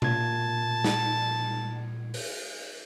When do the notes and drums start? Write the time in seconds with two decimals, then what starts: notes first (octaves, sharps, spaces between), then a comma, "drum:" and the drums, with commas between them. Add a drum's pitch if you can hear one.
0.02 A#2 A5 G#6, drum: tom B2
0.84 drum: snare
2.14 drum: open hi-hat